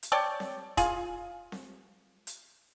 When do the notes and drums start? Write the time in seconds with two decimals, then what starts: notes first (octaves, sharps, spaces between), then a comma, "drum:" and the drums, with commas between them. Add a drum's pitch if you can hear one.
0.03 drum: hi-hat
0.12 C#5 D5 G5 A5
0.40 drum: snare C4
0.77 F4 G#4, drum: kick, hi-hat
1.52 drum: snare C4
2.27 drum: hi-hat